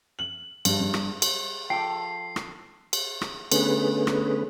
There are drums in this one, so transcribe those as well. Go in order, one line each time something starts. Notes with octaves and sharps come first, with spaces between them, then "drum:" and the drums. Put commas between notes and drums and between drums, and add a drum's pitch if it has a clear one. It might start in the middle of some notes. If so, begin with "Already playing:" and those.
F#7
G2, drum: cymbal
G2
drum: rim click
drum: cymbal
F3 A4 G5 D6 C7
drum: rim click
drum: cymbal
drum: rim click
D3 A3 B3 C#4 G#4 B4, drum: cymbal
drum: rim click